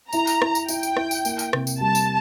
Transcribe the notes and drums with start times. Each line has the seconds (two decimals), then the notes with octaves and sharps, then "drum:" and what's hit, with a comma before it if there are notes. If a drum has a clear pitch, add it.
0.13 E4 A#5, drum: tambourine
0.27 drum: tambourine
0.42 E4, drum: rim click
0.55 drum: tambourine
0.68 E4 G5, drum: tambourine
0.83 drum: tambourine
0.97 E4, drum: rim click
1.11 drum: tambourine
1.25 A#3, drum: tambourine
1.39 drum: tambourine
1.53 C3, drum: rim click
1.67 drum: tambourine
1.81 G3 A5
1.95 drum: tambourine